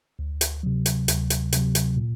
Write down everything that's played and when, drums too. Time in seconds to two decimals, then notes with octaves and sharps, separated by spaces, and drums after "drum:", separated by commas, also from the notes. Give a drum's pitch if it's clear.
0.19 D2
0.41 drum: hi-hat
0.63 C3 F#3
0.86 drum: hi-hat
1.08 D2, drum: hi-hat
1.30 drum: hi-hat
1.52 C3 F#3, drum: hi-hat
1.75 drum: hi-hat
1.97 A#2